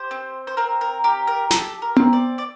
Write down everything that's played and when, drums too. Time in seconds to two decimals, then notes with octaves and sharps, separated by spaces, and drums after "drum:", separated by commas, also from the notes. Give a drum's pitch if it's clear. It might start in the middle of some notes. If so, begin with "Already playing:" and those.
Already playing: G4 C5
0.11 C4
0.47 C5
0.57 C4 A#4
0.81 A#4
1.04 G4 A#4
1.27 A#4
1.51 G4 A4, drum: snare
1.82 A#4
1.96 C4, drum: tom B3
2.13 D5
2.38 D5